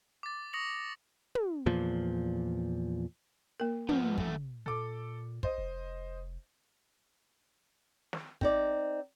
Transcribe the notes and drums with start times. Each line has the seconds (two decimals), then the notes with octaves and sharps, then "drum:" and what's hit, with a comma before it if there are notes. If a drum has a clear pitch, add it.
0.23 D6 A6
0.53 C#6 D#6 A#6 C#7 F7 F#7
1.35 drum: tom
1.66 E2 A#2 F3
3.60 A#3 A#4
3.89 F3 B3, drum: tom
4.18 F#2 A3, drum: kick
4.66 A#2 A4 D6
5.43 C5 D#5, drum: kick
5.58 F1
8.13 drum: snare
8.41 C4 D#4 D5, drum: kick